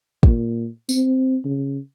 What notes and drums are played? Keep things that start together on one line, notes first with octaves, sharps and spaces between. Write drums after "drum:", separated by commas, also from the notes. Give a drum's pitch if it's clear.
A#2, drum: kick
C4, drum: tambourine
C#3